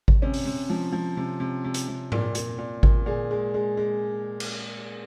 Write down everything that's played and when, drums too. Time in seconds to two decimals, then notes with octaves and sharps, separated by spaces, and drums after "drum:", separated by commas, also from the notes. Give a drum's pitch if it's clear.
0.08 drum: kick G#1
0.22 C3 C#4
0.34 drum: open hi-hat
0.45 C3
0.70 F3
0.93 F3
1.17 C3
1.40 C3
1.64 C3
1.74 drum: hi-hat
1.88 C3
2.12 A#2, drum: tom G#2
2.35 A#2, drum: hi-hat
2.58 A#2
2.83 A#2, drum: kick G#1
3.06 A#2 G#4
3.31 G#3
3.54 G#3
3.77 G#3
4.40 drum: cymbal